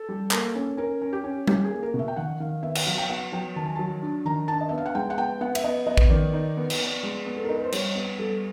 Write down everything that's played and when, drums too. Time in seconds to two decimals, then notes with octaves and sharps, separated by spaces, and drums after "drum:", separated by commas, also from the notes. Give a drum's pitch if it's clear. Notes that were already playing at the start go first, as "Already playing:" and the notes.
Already playing: A4
0.09 G3
0.31 A#3, drum: clap
0.55 C#4
0.77 C#4 A#4
1.02 C#4
1.13 G4
1.24 C#4
1.47 C#4 G4, drum: tom G3
1.65 G#4
1.71 A#3
1.83 A#4
1.94 B2
1.99 E5
2.08 G5
2.16 D#3 F#5
2.40 D#3 F5
2.63 B3 E5
2.75 F#5, drum: cymbal
2.86 F#3 F5
2.98 G5
3.09 B3 F#5
3.32 F#3 G5
3.56 D#3 A5
3.66 G#5
3.76 F#3 A5
4.02 D4
4.25 D#3 A#5
4.48 D4 A5
4.61 D#5
4.69 B3 E5
4.78 F5
4.86 F#5
4.95 G#3 G5
5.10 F#5
5.18 B3 G5
5.41 B3 F#5
5.55 E5, drum: cymbal
5.64 B3 D#5
5.87 B3 D#5
5.97 drum: kick
6.10 D#3 D5
6.34 D#4
6.57 B3
6.70 drum: cymbal
6.80 B3
7.03 G#3
7.26 B3
7.37 A4
7.45 D#4 A#4
7.54 B4
7.64 C5
7.72 G3 C#5, drum: cymbal
7.95 B3
8.18 G3 A4